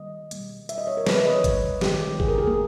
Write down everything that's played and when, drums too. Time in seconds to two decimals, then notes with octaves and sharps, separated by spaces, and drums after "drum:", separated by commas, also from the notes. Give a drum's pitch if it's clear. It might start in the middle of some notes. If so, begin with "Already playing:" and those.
Already playing: D#3 G3 A#3 D#5
0.31 B2 G3 A#3, drum: hi-hat
0.69 E5, drum: hi-hat
0.78 D#5
0.87 C#5
0.97 A#4
1.07 C#3 E3 G3 A#3 B4, drum: snare
1.16 E5
1.25 D#5
1.34 C#5
1.44 drum: kick G#1, hi-hat
1.81 D#3 G#3 G4, drum: snare
2.20 G#4, drum: kick G#1
2.28 A#4
2.38 G#4
2.47 A#3